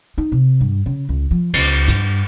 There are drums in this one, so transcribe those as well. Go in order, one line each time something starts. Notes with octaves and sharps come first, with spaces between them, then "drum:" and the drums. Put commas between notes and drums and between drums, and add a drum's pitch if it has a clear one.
D#4
C3
G2
C#3
C#2
F3
C#2, drum: cymbal
G2, drum: hi-hat